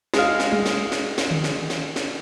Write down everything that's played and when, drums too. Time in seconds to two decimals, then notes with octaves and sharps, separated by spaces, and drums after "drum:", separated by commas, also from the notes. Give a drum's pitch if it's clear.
0.14 G#3 F5, drum: snare
0.40 drum: snare
0.53 drum: tom G3
0.66 drum: snare
0.92 drum: snare
1.18 drum: snare
1.31 drum: tom D3
1.44 drum: snare
1.70 drum: snare
1.96 drum: snare